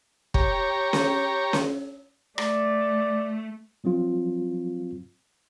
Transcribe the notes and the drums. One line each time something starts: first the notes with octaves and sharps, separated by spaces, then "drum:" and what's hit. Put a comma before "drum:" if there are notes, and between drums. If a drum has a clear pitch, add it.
G4 C#5 A#5, drum: kick
drum: snare C#4
drum: snare C#4
A3 D5, drum: rim click
F3 F#3 C4 F4